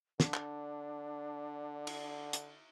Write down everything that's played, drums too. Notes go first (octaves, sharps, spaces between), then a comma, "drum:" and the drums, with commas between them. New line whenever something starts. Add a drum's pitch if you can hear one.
D3 D4, drum: snare
drum: clap
drum: cymbal
drum: hi-hat